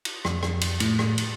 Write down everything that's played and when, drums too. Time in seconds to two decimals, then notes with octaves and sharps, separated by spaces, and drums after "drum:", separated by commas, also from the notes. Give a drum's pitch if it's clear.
0.05 drum: cymbal
0.25 F2, drum: rim click
0.43 drum: rim click
0.61 drum: cymbal
0.80 A2, drum: cymbal
0.99 drum: rim click
1.18 drum: cymbal